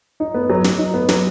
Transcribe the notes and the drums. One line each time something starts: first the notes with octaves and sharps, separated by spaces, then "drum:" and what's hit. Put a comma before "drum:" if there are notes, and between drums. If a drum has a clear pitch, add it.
D#4
B3
F#3
F#3, drum: snare
D#4
B3
F#3, drum: snare